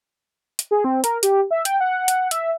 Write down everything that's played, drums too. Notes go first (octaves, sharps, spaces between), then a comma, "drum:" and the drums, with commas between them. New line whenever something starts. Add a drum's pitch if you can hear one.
drum: hi-hat
G#4
C4
A#4, drum: hi-hat
G4, drum: hi-hat
E5
G5, drum: hi-hat
F#5
drum: hi-hat
E5, drum: hi-hat